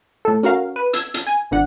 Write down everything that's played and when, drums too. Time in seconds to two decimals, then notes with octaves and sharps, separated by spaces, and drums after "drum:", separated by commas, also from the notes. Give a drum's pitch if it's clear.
0.25 A2 A4
0.43 C#4 F#4 A#4 F5
0.76 B4 D#7
0.93 E6 G#6, drum: hi-hat
1.14 drum: hi-hat
1.27 G#5
1.51 G#1 A#2 D3 F#5